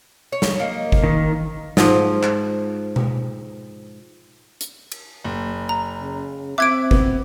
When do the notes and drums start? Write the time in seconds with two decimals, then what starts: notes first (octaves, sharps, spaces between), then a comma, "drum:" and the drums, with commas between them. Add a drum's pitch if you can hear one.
0.32 C#5
0.42 drum: snare
0.60 A#3 D#4
0.92 drum: kick
1.04 D#3
1.77 G#2 F3, drum: snare
2.23 drum: clap
2.96 drum: tom B2
4.61 drum: hi-hat
4.92 drum: cymbal
5.25 F#1
5.69 A#5
6.01 C#3
6.58 C4 E5 D6 F#6 G#6 D7
6.91 B3, drum: kick